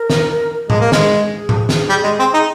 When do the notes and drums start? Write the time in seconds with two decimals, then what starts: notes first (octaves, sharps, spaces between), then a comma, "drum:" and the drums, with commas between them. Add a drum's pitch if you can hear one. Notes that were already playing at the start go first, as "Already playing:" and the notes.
Already playing: A#4
0.10 drum: snare
0.70 G#3, drum: tom A2
0.80 A#3
0.92 G#3, drum: snare
1.29 G#4
1.49 drum: tom A2
1.69 drum: snare
1.89 G3
2.04 G#3
2.19 C4
2.34 D#4